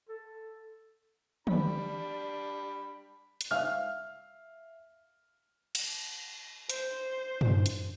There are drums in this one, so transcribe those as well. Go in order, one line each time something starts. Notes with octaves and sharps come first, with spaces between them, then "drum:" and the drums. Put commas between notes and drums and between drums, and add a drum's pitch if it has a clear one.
A4
G3 D4 B5, drum: tom
drum: hi-hat
E5 F5 F6
drum: cymbal
C5, drum: hi-hat
drum: tom
drum: hi-hat